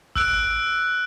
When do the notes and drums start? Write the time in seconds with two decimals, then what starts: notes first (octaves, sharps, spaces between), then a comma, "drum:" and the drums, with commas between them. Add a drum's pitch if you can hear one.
0.15 E6 F#6 D7, drum: kick